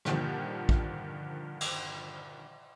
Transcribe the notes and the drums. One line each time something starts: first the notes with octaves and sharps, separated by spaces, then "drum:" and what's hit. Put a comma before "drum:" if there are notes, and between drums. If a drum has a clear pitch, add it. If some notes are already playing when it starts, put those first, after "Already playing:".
G2 A#2 D3 D#3 F3, drum: rim click
drum: kick
drum: cymbal